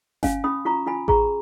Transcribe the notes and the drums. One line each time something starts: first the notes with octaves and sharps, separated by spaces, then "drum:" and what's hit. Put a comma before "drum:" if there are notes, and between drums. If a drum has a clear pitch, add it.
C#4 F5 G#5, drum: snare G1
C#4 B5 D#6
F4 A#5 C#6
F4 G#5 B5
G#4 A#5 C#6, drum: kick A1